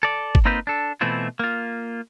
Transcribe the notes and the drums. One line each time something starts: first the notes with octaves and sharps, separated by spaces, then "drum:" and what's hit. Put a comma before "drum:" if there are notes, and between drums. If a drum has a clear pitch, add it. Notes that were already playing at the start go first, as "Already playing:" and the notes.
A4 D5
drum: kick G1
A#3 C4 D#4 F4 B4 C5
D4 A4
B2 E3 A3 C4 E4 F4
A#3 F4